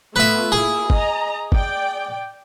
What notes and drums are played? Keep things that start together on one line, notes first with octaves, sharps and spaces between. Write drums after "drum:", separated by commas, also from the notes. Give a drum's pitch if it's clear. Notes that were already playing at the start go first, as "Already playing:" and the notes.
A3 B3 F4 B4 E5
A#3 E4 G#4
D#5 A#5, drum: kick
D5 G5, drum: kick